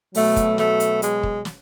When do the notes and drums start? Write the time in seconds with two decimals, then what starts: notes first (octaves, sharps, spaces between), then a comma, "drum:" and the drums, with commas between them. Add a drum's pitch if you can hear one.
0.15 B2 F#3 A3, drum: open hi-hat
0.36 drum: kick, hi-hat
0.58 A3, drum: snare
0.80 drum: hi-hat
1.02 G#3, drum: hi-hat
1.23 drum: kick
1.45 drum: snare